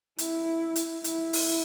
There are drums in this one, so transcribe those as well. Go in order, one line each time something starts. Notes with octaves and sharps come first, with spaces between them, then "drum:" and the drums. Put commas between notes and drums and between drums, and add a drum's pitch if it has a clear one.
E4, drum: hi-hat
drum: hi-hat
E4, drum: hi-hat
drum: open hi-hat